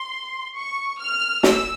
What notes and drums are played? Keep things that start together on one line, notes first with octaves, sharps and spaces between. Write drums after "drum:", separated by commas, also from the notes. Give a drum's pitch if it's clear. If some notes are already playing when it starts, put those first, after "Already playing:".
Already playing: C6
C#6
F6
E6, drum: snare